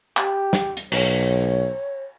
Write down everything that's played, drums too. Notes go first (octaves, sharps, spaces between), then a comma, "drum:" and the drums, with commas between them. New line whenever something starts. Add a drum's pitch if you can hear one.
G4, drum: clap
drum: snare
drum: hi-hat
B1 C#5, drum: cymbal